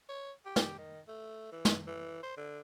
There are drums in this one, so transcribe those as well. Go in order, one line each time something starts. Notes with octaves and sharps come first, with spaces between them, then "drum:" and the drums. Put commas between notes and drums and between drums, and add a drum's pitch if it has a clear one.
C#5
G4
drum: snare
D#3
A3
E3
drum: snare
E3
C5
D3